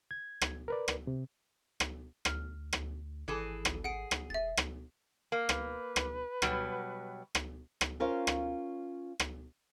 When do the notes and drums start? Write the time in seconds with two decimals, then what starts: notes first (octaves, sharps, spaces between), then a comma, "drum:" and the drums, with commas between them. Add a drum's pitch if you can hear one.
0.11 G#6
0.41 drum: rim click
0.68 A#4 B4 D5
0.88 drum: rim click
1.07 C3
1.80 drum: rim click
2.25 D2 F6, drum: rim click
2.73 drum: rim click
3.28 G#1 E3 G#4 A4
3.65 drum: rim click
3.84 G#4 F#5 D7
4.11 drum: rim click
4.30 E1 E5 A6
4.57 drum: rim click
5.32 A#3
5.49 B4, drum: rim click
5.96 drum: rim click
6.42 B2 F#3 G3, drum: rim click
7.35 drum: rim click
7.81 drum: rim click
8.00 C#4 F4 A#4 C5 C#5 F5
8.27 drum: rim click
9.20 drum: rim click